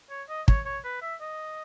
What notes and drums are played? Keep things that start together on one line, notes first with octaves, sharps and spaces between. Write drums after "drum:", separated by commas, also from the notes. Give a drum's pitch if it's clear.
C#5
D#5
C#5, drum: kick
C#5
B4
E5
D#5